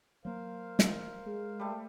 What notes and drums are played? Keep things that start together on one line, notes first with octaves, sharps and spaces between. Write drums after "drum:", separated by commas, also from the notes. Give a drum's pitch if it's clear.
F#3 A#3 A#4 C5 F5
drum: snare
G#3
G3 A3